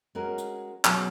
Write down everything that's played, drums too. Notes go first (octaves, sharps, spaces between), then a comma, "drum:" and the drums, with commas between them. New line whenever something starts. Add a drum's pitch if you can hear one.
G#3 C#4 F#4 A#4
drum: hi-hat
B2 F#3 C#4 G#4, drum: clap